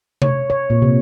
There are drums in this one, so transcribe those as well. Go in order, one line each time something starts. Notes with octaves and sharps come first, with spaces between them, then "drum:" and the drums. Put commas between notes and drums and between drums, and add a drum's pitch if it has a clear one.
C#5, drum: tom C3
C#5
A#2
C3